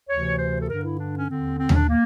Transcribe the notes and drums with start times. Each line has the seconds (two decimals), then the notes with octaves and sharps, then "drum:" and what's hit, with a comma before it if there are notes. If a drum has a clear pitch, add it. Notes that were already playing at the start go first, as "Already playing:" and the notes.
0.09 D2 C3 E3 C#5
0.38 C5
0.61 A4
0.69 G2 D3 A#4
0.84 E4
0.99 D4
1.17 C#4
1.29 D#2 D3 C4
1.59 C4
1.69 C#4, drum: tom D#2
1.74 D4
1.89 A#3